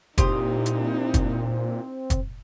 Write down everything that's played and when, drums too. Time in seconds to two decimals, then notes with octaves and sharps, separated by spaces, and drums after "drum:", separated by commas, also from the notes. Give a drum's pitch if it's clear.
0.18 A#2 C4 D#4 E4 G4 C6 D#6, drum: kick, hi-hat
0.66 drum: hi-hat
1.14 drum: kick, hi-hat
2.10 drum: kick, hi-hat